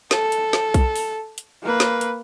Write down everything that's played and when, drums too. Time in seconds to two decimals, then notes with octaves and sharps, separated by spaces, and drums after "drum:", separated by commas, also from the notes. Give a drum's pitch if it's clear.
0.11 A4, drum: snare
0.32 drum: hi-hat
0.53 drum: snare
0.74 drum: kick B1, hi-hat
0.95 drum: open hi-hat
1.38 drum: hi-hat
1.63 A#3 B4
1.80 drum: snare
2.01 drum: hi-hat